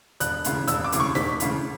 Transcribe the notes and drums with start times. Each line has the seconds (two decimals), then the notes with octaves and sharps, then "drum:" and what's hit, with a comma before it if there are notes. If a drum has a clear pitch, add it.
0.20 E1 F#6, drum: hi-hat
0.44 D2 C#3 E3, drum: hi-hat
0.68 E1 E6, drum: hi-hat
0.84 D6
0.92 D2 C#3 E3, drum: hi-hat
1.00 C#6
1.15 E1 B6, drum: snare
1.40 D2 C#3 E3, drum: hi-hat